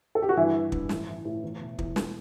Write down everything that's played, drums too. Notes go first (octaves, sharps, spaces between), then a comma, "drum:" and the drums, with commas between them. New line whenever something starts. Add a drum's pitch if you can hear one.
A4
G4
F#4
G2 E3 E4
E3
G2, drum: kick
A1, drum: snare
E3
A2
E2
B2
E2, drum: kick
drum: snare